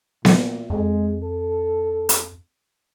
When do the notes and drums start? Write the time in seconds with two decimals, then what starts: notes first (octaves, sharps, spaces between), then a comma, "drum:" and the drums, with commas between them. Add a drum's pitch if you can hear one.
0.25 A#2, drum: snare B3
0.70 F2 G#3
1.23 A4
2.09 drum: hi-hat